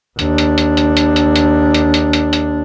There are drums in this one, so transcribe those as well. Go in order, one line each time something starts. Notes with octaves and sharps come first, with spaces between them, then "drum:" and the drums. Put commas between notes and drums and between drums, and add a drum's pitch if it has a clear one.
D#2 D4, drum: hi-hat
drum: hi-hat
drum: hi-hat
drum: hi-hat
drum: hi-hat
drum: hi-hat
drum: hi-hat
drum: hi-hat
drum: hi-hat
drum: hi-hat
drum: hi-hat